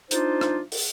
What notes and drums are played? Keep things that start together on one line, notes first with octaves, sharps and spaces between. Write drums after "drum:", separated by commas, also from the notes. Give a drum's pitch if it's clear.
D4 D#4 F4 C5, drum: hi-hat
drum: rim click
drum: open hi-hat